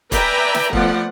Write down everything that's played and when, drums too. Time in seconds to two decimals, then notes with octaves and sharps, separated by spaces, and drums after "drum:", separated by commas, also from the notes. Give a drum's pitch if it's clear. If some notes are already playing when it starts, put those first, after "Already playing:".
0.12 B4 D5 E5 G5 G#5 A#5, drum: kick, hi-hat
0.54 drum: snare
0.73 F3 A3 B3 D5 F#5, drum: kick